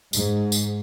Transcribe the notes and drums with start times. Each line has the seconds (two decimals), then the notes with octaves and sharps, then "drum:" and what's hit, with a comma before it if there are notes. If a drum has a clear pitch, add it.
0.13 G#2, drum: tambourine
0.52 drum: tambourine